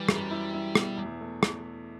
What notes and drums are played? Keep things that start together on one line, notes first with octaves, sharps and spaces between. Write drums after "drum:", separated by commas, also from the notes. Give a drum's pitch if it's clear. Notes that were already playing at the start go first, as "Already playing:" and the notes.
Already playing: E3 G3
F#2, drum: rim click
E4
E4
B2, drum: rim click
E2
A3
drum: rim click